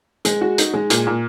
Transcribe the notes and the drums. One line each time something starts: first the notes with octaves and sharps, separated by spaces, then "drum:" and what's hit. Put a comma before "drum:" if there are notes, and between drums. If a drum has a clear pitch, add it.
G#3, drum: hi-hat
F#4
D#4, drum: hi-hat
G#3
A#2, drum: hi-hat
A#2